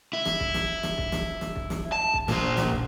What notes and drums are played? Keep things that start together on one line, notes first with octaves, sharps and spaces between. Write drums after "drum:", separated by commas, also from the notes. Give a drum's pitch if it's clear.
E4
drum: snare
drum: kick
drum: snare
drum: snare
drum: kick
drum: snare
drum: snare
drum: kick
drum: snare
A5
drum: kick
A#2 C5, drum: snare
drum: snare
drum: kick